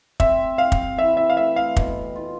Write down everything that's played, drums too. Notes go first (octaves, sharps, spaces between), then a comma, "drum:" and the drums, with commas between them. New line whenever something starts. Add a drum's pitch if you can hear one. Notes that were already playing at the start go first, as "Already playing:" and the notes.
C4 E5, drum: kick
G4 F5
drum: kick
E3 E5
E5
F5
A3 E5
F5
B2, drum: kick
F4